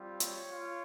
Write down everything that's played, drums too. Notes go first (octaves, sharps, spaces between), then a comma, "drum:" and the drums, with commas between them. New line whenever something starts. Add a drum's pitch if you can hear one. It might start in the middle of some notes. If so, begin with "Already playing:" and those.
Already playing: G3 C4 F4
C#5, drum: hi-hat
F4